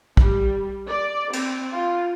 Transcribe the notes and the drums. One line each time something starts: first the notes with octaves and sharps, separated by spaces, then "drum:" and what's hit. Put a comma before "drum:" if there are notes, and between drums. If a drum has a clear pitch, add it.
G3, drum: kick
D5
C4, drum: cymbal
F4